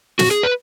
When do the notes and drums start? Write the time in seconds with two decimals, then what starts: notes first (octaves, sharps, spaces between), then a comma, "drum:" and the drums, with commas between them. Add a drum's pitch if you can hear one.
0.19 F#4, drum: snare
0.31 G#4
0.43 B4